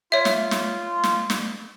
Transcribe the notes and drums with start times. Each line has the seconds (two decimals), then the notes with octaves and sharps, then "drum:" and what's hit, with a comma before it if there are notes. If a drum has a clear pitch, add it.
0.12 F4 C#5 E5
0.25 drum: snare
0.51 drum: snare
1.04 drum: snare
1.30 drum: snare